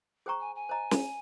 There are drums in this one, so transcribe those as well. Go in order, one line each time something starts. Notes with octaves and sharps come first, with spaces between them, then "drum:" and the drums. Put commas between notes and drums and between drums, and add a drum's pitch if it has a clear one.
G#4 C5 G5 A#5 C#6
G#5
G#5
C5 D#5 A#5
drum: snare